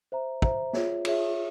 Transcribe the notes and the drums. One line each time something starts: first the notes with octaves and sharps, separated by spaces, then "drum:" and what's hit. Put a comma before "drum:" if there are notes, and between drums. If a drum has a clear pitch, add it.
C5 E5 A#5
C5 E5 A#5, drum: kick
F4 G#4 C#5 E5, drum: snare
F4 G#4 C#5 E5, drum: cymbal